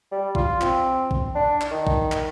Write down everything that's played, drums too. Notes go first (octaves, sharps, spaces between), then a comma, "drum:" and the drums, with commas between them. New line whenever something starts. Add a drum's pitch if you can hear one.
G3
F4, drum: kick
C4, drum: clap
drum: kick
D4
drum: clap
D#3
drum: kick
drum: clap